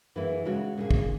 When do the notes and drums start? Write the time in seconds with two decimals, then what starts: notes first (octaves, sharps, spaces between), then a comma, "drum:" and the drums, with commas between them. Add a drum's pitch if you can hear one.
0.16 F#2 E3 A#3 E4 G#4
0.45 C#3 G#3 C#4 F#4
0.77 A#2 A#3 C#4 G#4
0.91 drum: kick